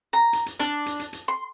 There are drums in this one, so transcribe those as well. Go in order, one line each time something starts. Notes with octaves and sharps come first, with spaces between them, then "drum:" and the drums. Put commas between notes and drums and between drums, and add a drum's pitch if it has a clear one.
A#5
drum: hi-hat
drum: hi-hat
D4, drum: hi-hat
drum: hi-hat
drum: hi-hat
drum: hi-hat
C6